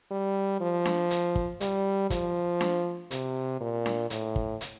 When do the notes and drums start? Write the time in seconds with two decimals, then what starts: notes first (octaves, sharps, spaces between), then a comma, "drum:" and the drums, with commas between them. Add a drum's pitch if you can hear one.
0.11 G3
0.61 F3
0.85 drum: snare D4
1.10 drum: hi-hat
1.36 drum: kick
1.61 G3, drum: hi-hat
2.10 F3, drum: kick, hi-hat
2.61 drum: snare D4
3.11 C3, drum: hi-hat
3.60 A#2
3.86 drum: snare D4
4.10 A2, drum: hi-hat
4.36 drum: kick
4.61 drum: hi-hat